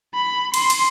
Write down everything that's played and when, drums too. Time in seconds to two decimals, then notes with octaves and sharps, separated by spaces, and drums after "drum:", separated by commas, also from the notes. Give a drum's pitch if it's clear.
0.15 B5
0.54 C6, drum: cymbal
0.70 drum: cymbal